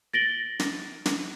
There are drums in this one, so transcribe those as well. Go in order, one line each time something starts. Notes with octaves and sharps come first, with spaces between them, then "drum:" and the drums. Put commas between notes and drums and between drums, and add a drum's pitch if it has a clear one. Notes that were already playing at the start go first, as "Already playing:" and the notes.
A6 A#6 D7 F#7 G7
drum: snare
drum: snare